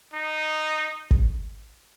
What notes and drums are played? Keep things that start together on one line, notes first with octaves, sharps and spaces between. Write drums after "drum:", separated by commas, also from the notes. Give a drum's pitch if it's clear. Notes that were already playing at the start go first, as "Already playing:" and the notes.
D#4
drum: kick